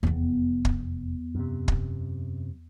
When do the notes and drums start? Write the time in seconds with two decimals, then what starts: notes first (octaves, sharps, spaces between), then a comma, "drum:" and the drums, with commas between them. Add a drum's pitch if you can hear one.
0.03 F1 E2 B3
0.65 drum: kick
1.35 F#2 C3
1.68 drum: kick